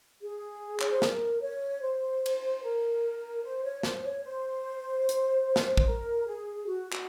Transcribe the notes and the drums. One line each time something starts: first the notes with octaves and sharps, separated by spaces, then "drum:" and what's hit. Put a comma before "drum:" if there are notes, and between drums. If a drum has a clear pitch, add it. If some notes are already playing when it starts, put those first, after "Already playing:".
G#4
C#5, drum: clap
C5
A#4, drum: snare
C#5
C5
drum: cymbal
A#4
C5
C#5
C5, drum: snare
C#5
C5
drum: hi-hat
drum: snare
C5, drum: kick
A#4
G#4
F#4
F#4, drum: clap